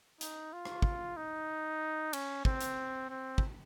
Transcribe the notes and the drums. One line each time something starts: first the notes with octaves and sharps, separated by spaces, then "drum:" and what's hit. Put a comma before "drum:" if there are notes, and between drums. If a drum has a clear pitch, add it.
D#4, drum: hi-hat
F4
drum: rim click
drum: kick
D#4
C#4, drum: cymbal
C4, drum: kick
drum: hi-hat
C4
drum: kick